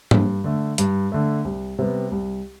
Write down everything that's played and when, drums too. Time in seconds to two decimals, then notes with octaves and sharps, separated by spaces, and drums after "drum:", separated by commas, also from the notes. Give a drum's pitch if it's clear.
0.11 G2, drum: tom G#2
0.44 D3 A3
0.78 G2, drum: hi-hat
1.12 D3 A3
1.45 C2
1.79 C3 G3 B3
2.12 C2